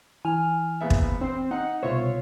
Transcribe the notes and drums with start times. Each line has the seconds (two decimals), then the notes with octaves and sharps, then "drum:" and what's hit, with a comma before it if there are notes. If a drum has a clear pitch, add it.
0.25 E3 G#5 F6
0.81 A#1 B3 E5
0.90 drum: kick
1.21 C4 C5
1.51 D#4 F#5
1.83 C2 B2 F4 C5 C#5 E5